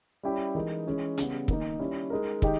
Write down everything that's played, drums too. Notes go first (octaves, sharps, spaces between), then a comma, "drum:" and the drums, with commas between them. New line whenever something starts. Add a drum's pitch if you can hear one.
G3 C#4 E4 G4
E3 G#3 D#4 A#4
E3 G#3 C#4 E4
C#3 G3 B3, drum: hi-hat
D#3 A#3 D#4, drum: kick
G3 C#4 E4
G#3 D#4 A#4
D#3 G#3 D#4 G4, drum: kick